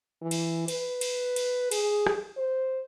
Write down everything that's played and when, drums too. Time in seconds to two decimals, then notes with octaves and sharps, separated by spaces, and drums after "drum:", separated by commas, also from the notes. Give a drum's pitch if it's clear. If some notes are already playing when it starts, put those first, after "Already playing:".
0.22 E3
0.31 drum: cymbal
0.68 B4, drum: cymbal
1.01 drum: cymbal
1.36 drum: cymbal
1.71 G#4, drum: cymbal
2.07 drum: rim click
2.37 C5